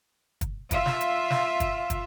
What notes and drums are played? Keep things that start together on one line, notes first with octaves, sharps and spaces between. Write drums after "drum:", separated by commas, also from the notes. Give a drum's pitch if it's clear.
drum: kick, hi-hat
F4 E5, drum: kick, hi-hat
drum: snare
drum: hi-hat
drum: snare
drum: kick, hi-hat
drum: kick, hi-hat